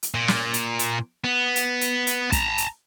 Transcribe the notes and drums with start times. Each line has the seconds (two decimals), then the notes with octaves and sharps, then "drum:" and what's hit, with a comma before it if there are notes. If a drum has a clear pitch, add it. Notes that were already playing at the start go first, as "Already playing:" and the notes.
0.03 drum: hi-hat
0.14 A#2
0.28 drum: snare
0.54 drum: hi-hat
0.79 drum: hi-hat
1.24 B3
1.56 drum: hi-hat
1.81 drum: hi-hat
2.07 drum: hi-hat
2.32 A5 A#5, drum: kick, hi-hat
2.58 drum: hi-hat